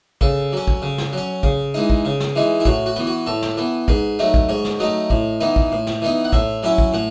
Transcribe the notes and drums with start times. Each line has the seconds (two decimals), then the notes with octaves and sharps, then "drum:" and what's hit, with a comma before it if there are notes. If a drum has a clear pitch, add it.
0.21 C#3 A4, drum: kick A1
0.53 F#3 C#4
0.67 drum: kick A1
0.82 C#3
0.98 drum: snare
1.13 F#3 C#4
1.43 C#3, drum: kick A1
1.74 E3 G#3 D#4
1.90 drum: kick A1
2.05 C#3
2.20 drum: snare
2.35 E3 G#3 D#4
2.60 E4
2.65 A2 F#4, drum: kick A1
2.86 F#4
2.96 E3 B3
3.07 F#4
3.26 A2 A4
3.42 drum: snare
3.57 E3 B3
3.88 G#2 B4, drum: kick A1
4.19 F#3 A3 D#4
4.34 drum: kick A1
4.49 G#2 C#5
4.64 drum: snare
4.79 F#3 A3 D#4 D#5
5.10 A2, drum: kick A1
5.40 E3 B3 D#4
5.56 drum: kick A1
5.72 A2
5.87 drum: snare
6.02 E3 B3 D#4
6.25 F#5
6.33 A2 E5, drum: kick A1
6.63 F#3 C#4 E4
6.78 drum: kick A1
6.93 A2 F#5